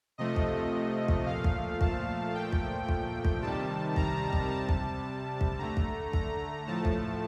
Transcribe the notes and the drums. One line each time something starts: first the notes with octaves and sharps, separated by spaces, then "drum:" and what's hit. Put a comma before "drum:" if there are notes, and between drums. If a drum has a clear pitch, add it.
C3 F3 A3 D#5
drum: kick
drum: kick
A#2 F3 A3 F5
drum: kick
A5, drum: kick
A#2 F3 A3 G5
drum: kick
drum: kick
drum: kick
C3 D#3 G3 A5
A#5, drum: kick
drum: kick
C3 G3 A5
drum: kick
drum: kick
D3 A3 A#5
drum: kick
A#5, drum: kick
A2 F3 A3 A5
drum: kick